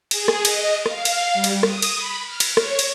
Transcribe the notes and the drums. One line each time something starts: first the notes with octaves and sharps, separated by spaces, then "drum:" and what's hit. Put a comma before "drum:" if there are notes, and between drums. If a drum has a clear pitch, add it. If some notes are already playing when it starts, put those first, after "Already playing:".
G#4, drum: cymbal
drum: rim click
D#5, drum: cymbal
F5, drum: rim click
drum: cymbal
G3
drum: cymbal
D#6, drum: rim click
drum: cymbal
B5
F6
drum: cymbal
C#5, drum: rim click
drum: cymbal